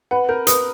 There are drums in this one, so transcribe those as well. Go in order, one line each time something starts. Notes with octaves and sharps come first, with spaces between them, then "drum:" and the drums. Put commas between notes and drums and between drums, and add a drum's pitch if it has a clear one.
B4 F#5
A#4 G6
B4 D#6, drum: hi-hat